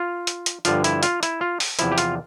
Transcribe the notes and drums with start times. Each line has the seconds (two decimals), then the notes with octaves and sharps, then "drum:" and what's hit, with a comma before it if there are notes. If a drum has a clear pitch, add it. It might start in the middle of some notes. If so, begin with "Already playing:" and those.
Already playing: F4
0.27 drum: hi-hat
0.46 drum: hi-hat
0.65 G2 D3 F3 F4, drum: hi-hat
0.84 E4, drum: hi-hat
1.03 F4, drum: hi-hat
1.23 E4, drum: hi-hat
1.41 F4
1.60 drum: open hi-hat
1.79 E2 C3 F3 E4, drum: hi-hat
1.92 G4
1.98 F4, drum: hi-hat